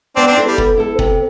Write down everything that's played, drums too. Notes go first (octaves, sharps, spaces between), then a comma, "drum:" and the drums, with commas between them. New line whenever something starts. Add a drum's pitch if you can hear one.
B3 C4 D4
C4 D4
E4 A4
G3
B3, drum: kick
E4 A4
C3, drum: kick